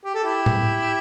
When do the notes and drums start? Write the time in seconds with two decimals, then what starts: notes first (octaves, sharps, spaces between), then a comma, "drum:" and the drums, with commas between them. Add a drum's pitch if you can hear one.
0.04 G4
0.14 A4
0.22 E4 G4
0.46 drum: tom A2